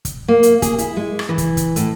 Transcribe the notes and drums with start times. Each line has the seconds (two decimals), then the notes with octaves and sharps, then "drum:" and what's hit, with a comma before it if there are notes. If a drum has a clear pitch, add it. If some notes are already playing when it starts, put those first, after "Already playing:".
0.05 drum: kick, hi-hat
0.28 A#3
0.43 drum: hi-hat
0.62 G#4, drum: kick, hi-hat
0.78 E4, drum: hi-hat
0.97 G#3
1.19 drum: rim click
1.29 E3
1.38 drum: kick, hi-hat
1.57 drum: kick, hi-hat
1.76 A2, drum: hi-hat